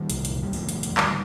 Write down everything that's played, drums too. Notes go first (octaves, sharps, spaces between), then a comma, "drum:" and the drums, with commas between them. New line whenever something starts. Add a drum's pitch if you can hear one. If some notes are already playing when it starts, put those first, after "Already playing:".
Already playing: D#3 G3
C2 A#2, drum: hi-hat
drum: hi-hat
G3
D#2 D3 F3 A3, drum: open hi-hat
drum: hi-hat
drum: hi-hat
D3 D#3 G3, drum: clap